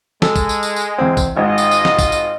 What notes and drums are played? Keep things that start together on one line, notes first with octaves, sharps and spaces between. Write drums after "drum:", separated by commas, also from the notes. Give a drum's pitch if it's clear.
G#3 A4, drum: snare
drum: kick B1, tambourine
drum: tambourine
drum: tambourine
drum: tambourine
E2 C4
drum: kick B1, tambourine
G#1 G#2 G#3 F4 D#5
drum: tambourine
drum: tambourine
drum: snare
drum: kick B1, tambourine
drum: tambourine